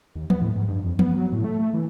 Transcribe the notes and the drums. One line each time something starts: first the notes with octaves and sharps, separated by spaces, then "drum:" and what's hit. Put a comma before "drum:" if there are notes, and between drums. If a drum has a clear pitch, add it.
D#2
B3, drum: tom E3
A2
G#2
G2
F2
B3, drum: tom E3
F#3
A2
A3
A3
E3